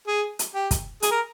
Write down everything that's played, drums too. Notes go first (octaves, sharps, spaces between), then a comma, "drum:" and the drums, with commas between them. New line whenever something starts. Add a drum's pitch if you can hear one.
G#4
drum: hi-hat
G4
drum: kick, hi-hat
G#4, drum: hi-hat
A#4